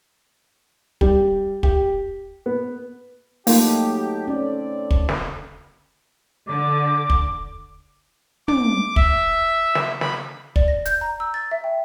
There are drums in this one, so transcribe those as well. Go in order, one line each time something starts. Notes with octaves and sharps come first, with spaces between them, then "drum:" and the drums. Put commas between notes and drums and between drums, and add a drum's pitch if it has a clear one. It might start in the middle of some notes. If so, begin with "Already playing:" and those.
G3, drum: kick
G4, drum: kick
B3
F#3 A3 A#3 D#4 F4 G4 A4, drum: open hi-hat
C4 C#4 A4 D5
drum: kick
drum: snare
D3 D6
drum: kick
D6, drum: tom
E5, drum: kick
drum: snare
B5, drum: snare
D5, drum: kick
A#6
G6, drum: hi-hat
A#5
E6
A6
E5
G5